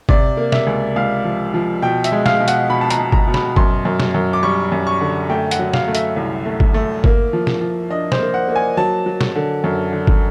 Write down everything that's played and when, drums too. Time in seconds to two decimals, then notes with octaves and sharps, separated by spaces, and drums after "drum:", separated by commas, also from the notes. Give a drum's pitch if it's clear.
0.09 C3 D5, drum: kick G1
0.37 A#3
0.52 E5, drum: snare
0.67 C#2
0.96 C#2 F5
1.25 F3
1.54 F3
1.82 B2 G5
2.04 E5, drum: hi-hat
2.12 G#3
2.26 F5, drum: snare
2.40 B2
2.48 F#5, drum: hi-hat
2.69 B2 B5
2.81 A5
2.90 A#5, drum: hi-hat
2.98 B2
3.12 A#5, drum: kick G1
3.28 B2
3.34 B5, drum: snare
3.56 F#2 C6, drum: kick G1
3.85 F#2
4.00 drum: snare
4.14 F#2
4.33 D6
4.43 G3 C#6
4.72 F#2
4.87 C#6
5.01 D3
5.30 A3 G5
5.51 F#5, drum: hi-hat
5.59 F#3
5.73 F5, drum: snare
5.88 A3
5.95 E5, drum: hi-hat
6.16 C2
6.46 A3
6.60 drum: kick G1
6.74 A3
7.04 A#3, drum: kick G1
7.33 F3
7.47 drum: snare
7.61 F3
7.90 D4 D#5
8.12 C5, drum: snare
8.19 A#3
8.34 F#5
8.48 A#3
8.56 G#5
8.77 F#3 A5
9.06 F#3
9.21 drum: snare
9.35 D3
9.64 F#2
9.93 D3
10.07 drum: kick G1